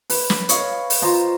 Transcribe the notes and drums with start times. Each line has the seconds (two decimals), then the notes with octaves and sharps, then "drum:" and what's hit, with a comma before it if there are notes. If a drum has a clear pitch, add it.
0.10 B4, drum: open hi-hat
0.30 drum: snare
0.49 C#5 D#5 F5, drum: hi-hat
0.90 drum: open hi-hat
1.02 F4 C5 D#5 A#5